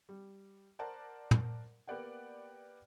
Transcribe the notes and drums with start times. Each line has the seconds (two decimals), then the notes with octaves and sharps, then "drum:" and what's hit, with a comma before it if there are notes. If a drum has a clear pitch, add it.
0.09 G3
0.79 A#4 C5 D5 F#5 A5 A#5
1.31 drum: tom
1.87 A#3 B3 G4 D5 F#5 G5